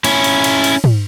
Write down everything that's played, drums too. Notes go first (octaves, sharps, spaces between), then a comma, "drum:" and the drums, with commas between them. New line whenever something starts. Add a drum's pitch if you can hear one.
C#4 E4, drum: cymbal
drum: cymbal
drum: cymbal
drum: cymbal
drum: tom